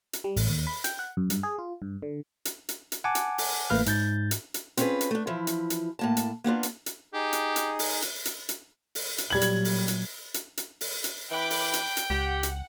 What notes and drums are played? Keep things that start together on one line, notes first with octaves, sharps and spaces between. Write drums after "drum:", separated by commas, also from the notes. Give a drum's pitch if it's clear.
drum: hi-hat
G3
A1, drum: open hi-hat
D#2
B5
G5, drum: hi-hat
F#5
F#2
G2, drum: hi-hat
G#4
F4
G2
D3
drum: hi-hat
drum: hi-hat
drum: hi-hat
F#5 G#5 A5 D6
drum: hi-hat
drum: open hi-hat
A1 A3 A#3 B4 F5 F6
G#2 G6 A6, drum: hi-hat
drum: hi-hat
drum: hi-hat
C4 C#4 F4 G4 G#4 B4, drum: hi-hat
drum: hi-hat
A3 D4
E3 F3 E4
drum: hi-hat
drum: hi-hat
A2 A#3 A5
drum: hi-hat
A#3 B3 D4 F4
drum: hi-hat
drum: hi-hat
D#4 G4 G#4
drum: hi-hat
drum: hi-hat
drum: open hi-hat
drum: hi-hat
drum: hi-hat
drum: hi-hat
drum: open hi-hat
drum: hi-hat
A#2 F#3 G3 G#6 F#7
drum: hi-hat
drum: open hi-hat
drum: hi-hat
drum: hi-hat
drum: hi-hat
drum: open hi-hat
drum: hi-hat
E3 G5 B5 D6 F#6
drum: open hi-hat
drum: hi-hat
drum: hi-hat
C#2 G4 F#5
drum: hi-hat